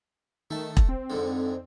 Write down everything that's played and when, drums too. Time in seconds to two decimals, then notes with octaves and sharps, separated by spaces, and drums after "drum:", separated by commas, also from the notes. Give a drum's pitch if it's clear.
0.51 D#3 A3 A5
0.77 drum: kick E1
0.89 C4
1.10 F2 G#2 D3